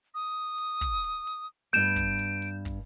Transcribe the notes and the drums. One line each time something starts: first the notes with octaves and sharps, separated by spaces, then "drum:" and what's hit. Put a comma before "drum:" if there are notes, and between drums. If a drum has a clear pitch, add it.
D#6
drum: hi-hat
drum: kick, hi-hat
drum: hi-hat
drum: hi-hat
G2 B3 G6 D7 E7, drum: open hi-hat
drum: kick, open hi-hat
drum: hi-hat
drum: hi-hat
drum: kick, hi-hat